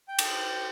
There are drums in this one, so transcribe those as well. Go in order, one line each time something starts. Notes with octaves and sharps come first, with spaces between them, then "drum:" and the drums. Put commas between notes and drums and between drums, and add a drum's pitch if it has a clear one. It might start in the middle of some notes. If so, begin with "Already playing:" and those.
G5
drum: cymbal